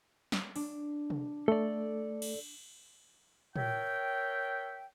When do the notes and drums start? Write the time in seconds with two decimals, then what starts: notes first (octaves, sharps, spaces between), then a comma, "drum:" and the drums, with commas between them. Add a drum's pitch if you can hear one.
0.32 drum: snare
0.56 D4, drum: open hi-hat
1.10 drum: tom
1.48 A3 A4 D5
2.22 drum: cymbal
3.56 A#4 C#5 E5 G5, drum: tom